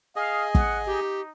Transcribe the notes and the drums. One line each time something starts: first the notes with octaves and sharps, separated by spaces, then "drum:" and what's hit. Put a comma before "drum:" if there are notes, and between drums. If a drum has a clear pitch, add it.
G#4 D#5 F5
F#5, drum: kick
D#4 G4